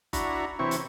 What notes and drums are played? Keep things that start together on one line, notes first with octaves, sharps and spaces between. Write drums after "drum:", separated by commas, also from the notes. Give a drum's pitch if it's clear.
D4 E4 F#4 A#5 B5 C#6, drum: kick F#1, hi-hat
C3 E3 C4 E4 C#5 C#6
drum: hi-hat